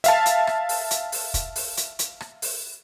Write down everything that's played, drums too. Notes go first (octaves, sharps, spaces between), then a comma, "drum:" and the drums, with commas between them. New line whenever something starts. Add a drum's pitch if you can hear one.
E5 F5 A5, drum: hi-hat
drum: hi-hat
drum: rim click
drum: open hi-hat
drum: hi-hat
drum: open hi-hat
drum: kick, hi-hat
drum: open hi-hat
drum: hi-hat
drum: hi-hat
drum: rim click
drum: open hi-hat